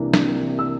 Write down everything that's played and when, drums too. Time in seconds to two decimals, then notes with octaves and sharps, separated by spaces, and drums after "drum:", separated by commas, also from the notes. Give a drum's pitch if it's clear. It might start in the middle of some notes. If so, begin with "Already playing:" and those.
Already playing: C2 C3 E3 A#3 D4
0.14 drum: snare
0.59 E6